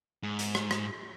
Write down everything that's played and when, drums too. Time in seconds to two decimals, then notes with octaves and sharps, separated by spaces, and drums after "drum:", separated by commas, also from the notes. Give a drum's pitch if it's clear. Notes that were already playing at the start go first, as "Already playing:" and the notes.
0.23 G#2
0.39 drum: hi-hat
0.55 drum: rim click
0.71 drum: rim click